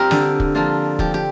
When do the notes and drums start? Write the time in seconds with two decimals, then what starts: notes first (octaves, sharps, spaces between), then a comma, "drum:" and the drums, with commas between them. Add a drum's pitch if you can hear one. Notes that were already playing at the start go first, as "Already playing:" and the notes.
Already playing: G3 C4 F4 G4 A#4
0.11 D3, drum: snare
0.40 drum: kick
0.55 F3 A#3 D4 F4
0.99 F3 G4, drum: kick
1.14 G4